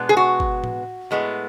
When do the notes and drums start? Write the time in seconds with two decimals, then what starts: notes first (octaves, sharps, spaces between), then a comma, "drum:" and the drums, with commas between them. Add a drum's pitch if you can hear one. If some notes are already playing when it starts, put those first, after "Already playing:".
Already playing: B2 G#3 B3 D4
0.09 G#4
0.17 F#4
0.40 drum: kick G1
0.64 drum: tom A2
1.11 A2 G#3 B3